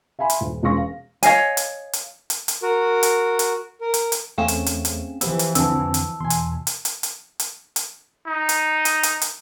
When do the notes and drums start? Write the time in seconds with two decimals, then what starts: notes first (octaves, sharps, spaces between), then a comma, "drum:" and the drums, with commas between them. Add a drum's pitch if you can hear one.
0.19 E5 F5 G#5 B5 C6
0.30 drum: hi-hat
0.41 D#1
0.63 E1 G#3 C#4 F5 C#6 A#6
0.78 F5
1.23 C#5 D#5 F5 G#5, drum: hi-hat
1.57 drum: hi-hat
1.93 drum: hi-hat
2.30 drum: hi-hat
2.48 drum: hi-hat
2.63 F#4 A#4
3.03 drum: hi-hat
3.39 drum: hi-hat
3.81 A#4
3.94 drum: hi-hat
4.12 drum: hi-hat
4.38 E2 A3 C4 C#4 G#4 F5 G5 E7
4.48 drum: hi-hat
4.66 drum: hi-hat
4.85 drum: hi-hat
5.21 E3 F3 B3 G4 C5 E6, drum: hi-hat
5.39 drum: hi-hat
5.55 C2 F2 D3 C4 F#4 A5 E6, drum: hi-hat
5.94 drum: hi-hat
6.21 E2 B2 G#5 C6
6.30 drum: hi-hat
6.67 drum: hi-hat
6.85 drum: hi-hat
7.03 drum: hi-hat
7.39 drum: hi-hat
7.76 drum: hi-hat
8.27 D#4
8.49 drum: hi-hat
8.85 drum: hi-hat
9.03 drum: hi-hat
9.22 drum: hi-hat